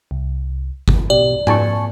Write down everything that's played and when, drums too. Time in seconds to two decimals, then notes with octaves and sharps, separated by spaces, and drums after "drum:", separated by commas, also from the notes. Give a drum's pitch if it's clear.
0.11 C2
0.88 drum: kick G1
1.10 B2 G4 D5
1.47 G#5 A5 C#6, drum: tom G#2